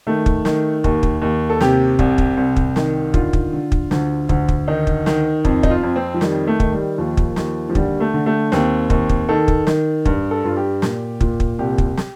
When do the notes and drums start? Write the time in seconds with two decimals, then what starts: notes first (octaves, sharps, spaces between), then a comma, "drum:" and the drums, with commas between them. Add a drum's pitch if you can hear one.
0.07 D#3 A3
0.26 drum: kick
0.45 D#3, drum: snare
0.84 D#2, drum: kick
1.03 drum: kick
1.22 D#2
1.49 A4
1.61 C3 G4, drum: snare
1.99 C2, drum: kick
2.18 drum: kick
2.37 C2
2.56 drum: kick
2.76 D#3, drum: snare
3.14 D3 F4, drum: kick
3.33 drum: kick
3.53 D3
3.72 drum: kick
3.91 D2, drum: snare
4.29 D2, drum: kick
4.48 drum: kick
4.68 D#3 D#4
4.87 drum: kick
5.06 D#3, drum: snare
5.45 F2, drum: kick
5.63 D#4, drum: kick
5.70 F4
5.83 F2
5.96 C4
6.14 F3
6.21 D#3 G3, drum: snare
6.47 A3
6.60 D#3, drum: kick
6.72 G3
6.98 D#2 F3
7.17 drum: kick
7.36 D#2, drum: snare
7.69 F3
7.75 D3 G3, drum: kick
8.00 A3
8.14 D3
8.26 A3
8.52 D#2 C4, drum: snare
8.90 D#2, drum: kick
9.09 drum: kick
9.29 D#3 A4
9.48 drum: kick
9.67 D#3, drum: snare
10.05 G2, drum: kick
10.31 A4
10.44 G2 F4
10.56 G4
10.82 A#2, drum: snare
11.21 A#2, drum: kick
11.40 drum: kick
11.59 C2 G4
11.78 drum: kick
11.97 drum: snare